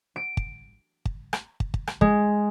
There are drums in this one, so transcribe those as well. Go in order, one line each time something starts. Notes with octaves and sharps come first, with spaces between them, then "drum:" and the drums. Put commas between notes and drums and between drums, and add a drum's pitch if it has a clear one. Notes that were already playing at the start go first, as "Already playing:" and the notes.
D7
drum: kick
drum: kick
drum: rim click
drum: kick
drum: kick
drum: rim click
G#3, drum: kick